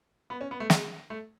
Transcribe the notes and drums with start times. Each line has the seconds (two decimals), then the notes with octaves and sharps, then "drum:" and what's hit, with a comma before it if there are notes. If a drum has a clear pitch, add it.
0.30 B3
0.41 C#4
0.51 B3
0.60 A3
0.70 G#3, drum: snare
1.10 A3